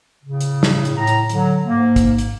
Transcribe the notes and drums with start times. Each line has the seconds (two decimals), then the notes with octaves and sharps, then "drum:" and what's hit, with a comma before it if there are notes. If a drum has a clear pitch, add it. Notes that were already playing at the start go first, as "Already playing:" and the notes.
0.23 A2 C#3
0.41 drum: hi-hat
0.63 drum: snare
0.85 drum: hi-hat
0.97 A2 A#5
1.07 drum: hi-hat
1.30 D3 F#3, drum: hi-hat
1.65 G#2 A#3
1.96 drum: kick, hi-hat
2.18 drum: hi-hat